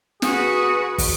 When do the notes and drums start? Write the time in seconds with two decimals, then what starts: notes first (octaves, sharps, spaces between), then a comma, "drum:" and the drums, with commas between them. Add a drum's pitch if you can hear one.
0.22 F#4 G#4 B4, drum: snare
0.98 drum: kick, open hi-hat